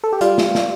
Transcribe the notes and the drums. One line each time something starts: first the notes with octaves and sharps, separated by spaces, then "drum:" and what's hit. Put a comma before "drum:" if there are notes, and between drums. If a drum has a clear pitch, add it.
A4
G4
G3 F4, drum: hi-hat
drum: snare
drum: snare